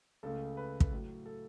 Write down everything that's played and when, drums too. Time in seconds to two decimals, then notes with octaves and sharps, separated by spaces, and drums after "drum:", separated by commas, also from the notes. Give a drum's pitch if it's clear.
0.23 C#2 C#3 A3 A4
0.57 B4
0.80 drum: kick
0.92 A2 F#3 A3
1.26 A4